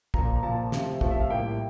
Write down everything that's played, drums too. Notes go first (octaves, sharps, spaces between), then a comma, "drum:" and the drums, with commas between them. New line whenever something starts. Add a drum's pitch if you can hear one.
A#2 F3 A#3 A#5, drum: kick
A#5
A#2 F3 A#3 A5
C3 F3 A3, drum: snare
C3 F3 A3, drum: kick
E5
F5
A2 G3 A#3 G5